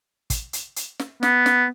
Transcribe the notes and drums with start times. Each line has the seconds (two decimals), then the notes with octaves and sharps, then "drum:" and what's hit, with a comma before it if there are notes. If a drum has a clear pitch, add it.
0.30 drum: kick, hi-hat
0.53 drum: hi-hat
0.76 drum: hi-hat
0.99 drum: snare
1.23 B3, drum: snare
1.46 drum: snare